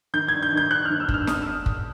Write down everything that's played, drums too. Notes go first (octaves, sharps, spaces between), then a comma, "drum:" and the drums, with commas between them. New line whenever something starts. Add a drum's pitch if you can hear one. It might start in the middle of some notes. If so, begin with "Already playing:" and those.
D#3 G6
G2 G#6
G6
D#3 G6
G2 F#6
D#3 F6
E6
G2, drum: kick
F6
D3 D#6, drum: snare
E6
drum: kick